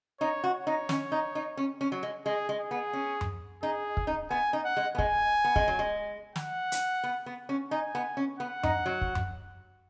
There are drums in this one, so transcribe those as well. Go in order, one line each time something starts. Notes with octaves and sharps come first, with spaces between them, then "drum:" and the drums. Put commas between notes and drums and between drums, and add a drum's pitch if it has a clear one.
D#4 C#5
F#4
C#5
D#4
C#4, drum: snare
D#4
D#4
C#4
C#4
F#3
G#3
G#3 G#4
G#3
G#4
B3
C#4
drum: tom F#2
D#4 G#4
drum: kick
D#4
B3 G#5
D#4
F#5
G#3
B3
G#3 G#5, drum: kick
B3
G#3, drum: kick
F#3
G#3
F#5, drum: snare
drum: hi-hat
B3
B3
C#4
D#4 G#5
B3
C#4
B3 F#5
D#4, drum: tom F#2
F#3
drum: kick
drum: tom F#2